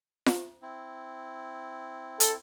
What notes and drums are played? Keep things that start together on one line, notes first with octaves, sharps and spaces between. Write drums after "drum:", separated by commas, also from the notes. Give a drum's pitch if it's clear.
drum: snare F4
C4 E4
A4, drum: hi-hat